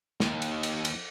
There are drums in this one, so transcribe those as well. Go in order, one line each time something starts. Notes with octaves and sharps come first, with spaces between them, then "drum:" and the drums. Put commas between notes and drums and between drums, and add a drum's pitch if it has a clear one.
D#2 D#3, drum: snare
drum: cymbal
drum: cymbal
drum: cymbal